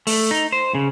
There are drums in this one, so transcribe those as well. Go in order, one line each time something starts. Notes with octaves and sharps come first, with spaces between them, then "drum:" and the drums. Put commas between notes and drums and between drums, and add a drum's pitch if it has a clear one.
A3, drum: open hi-hat
D#4
C5
C#3